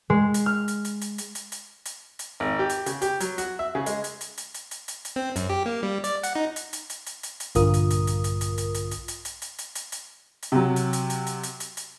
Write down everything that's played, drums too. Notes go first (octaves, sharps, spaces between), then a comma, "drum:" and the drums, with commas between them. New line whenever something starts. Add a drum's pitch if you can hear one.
G#3
drum: hi-hat
F6
drum: hi-hat
drum: hi-hat
drum: hi-hat
drum: hi-hat
drum: hi-hat
drum: hi-hat
drum: hi-hat
drum: hi-hat
G#1
G4
drum: hi-hat
C#3, drum: hi-hat
G4, drum: hi-hat
F#3, drum: hi-hat
F#4, drum: hi-hat
E5
C#3
G#3, drum: hi-hat
drum: hi-hat
drum: hi-hat
drum: hi-hat
drum: hi-hat
drum: hi-hat
drum: hi-hat
drum: hi-hat
C4
F#2, drum: hi-hat
G4
A#3
G3
D5, drum: hi-hat
F#5, drum: hi-hat
D#4
drum: hi-hat
drum: hi-hat
drum: hi-hat
drum: hi-hat
drum: hi-hat
drum: hi-hat
A#1 G2 D3 F4 A#4 D#6, drum: hi-hat
drum: hi-hat
drum: hi-hat
drum: hi-hat
drum: hi-hat
drum: hi-hat
drum: hi-hat
drum: hi-hat
drum: hi-hat
drum: hi-hat
drum: hi-hat
drum: hi-hat
drum: hi-hat
drum: hi-hat
drum: hi-hat
drum: hi-hat
C3 F#3
drum: hi-hat
drum: hi-hat
drum: hi-hat
drum: hi-hat
drum: hi-hat
drum: hi-hat
drum: hi-hat